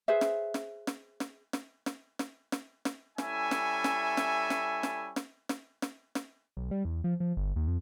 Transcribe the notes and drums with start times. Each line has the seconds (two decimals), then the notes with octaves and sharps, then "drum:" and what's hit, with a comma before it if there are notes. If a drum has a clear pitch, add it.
0.08 G#4 B4 C5 E5
0.21 drum: snare
0.54 drum: snare
0.87 drum: snare
1.20 drum: snare
1.53 drum: snare
1.86 drum: snare
2.19 drum: snare
2.52 drum: snare
2.85 drum: snare
3.18 G3 C#4 E4 A4 E5 G#5, drum: snare
3.51 drum: snare
3.84 drum: snare
4.17 drum: snare
4.50 drum: snare
4.83 drum: snare
5.16 drum: snare
5.49 drum: snare
5.82 drum: snare
6.15 drum: snare
6.57 B1
6.71 G3
6.85 E2
7.04 F3
7.20 F3
7.37 G1
7.56 D#2
7.68 F2